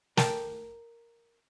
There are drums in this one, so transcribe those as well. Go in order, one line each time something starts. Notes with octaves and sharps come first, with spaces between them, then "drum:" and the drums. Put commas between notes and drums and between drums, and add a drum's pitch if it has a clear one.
A#4 G5 A5, drum: snare